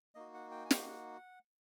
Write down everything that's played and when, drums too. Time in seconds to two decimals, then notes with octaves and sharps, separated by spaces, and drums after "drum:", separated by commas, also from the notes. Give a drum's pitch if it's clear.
0.15 A#3 D#4 F#4 D#5
0.34 F#5
0.51 G5
0.65 G#5
0.71 G5, drum: snare
0.88 F#5